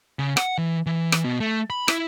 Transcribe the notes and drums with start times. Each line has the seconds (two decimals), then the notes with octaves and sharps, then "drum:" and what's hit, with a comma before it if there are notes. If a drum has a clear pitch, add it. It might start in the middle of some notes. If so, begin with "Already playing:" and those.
0.19 C#3
0.37 F#5, drum: rim click
0.58 E3
0.86 E3
1.12 drum: rim click
1.24 B2
1.40 A3
1.70 B5
1.88 E4, drum: rim click